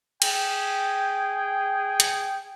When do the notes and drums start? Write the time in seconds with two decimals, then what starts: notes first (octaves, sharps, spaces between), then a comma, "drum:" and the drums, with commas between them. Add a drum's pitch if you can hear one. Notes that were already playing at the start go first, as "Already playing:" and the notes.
0.22 G#4 G5, drum: cymbal
2.00 drum: hi-hat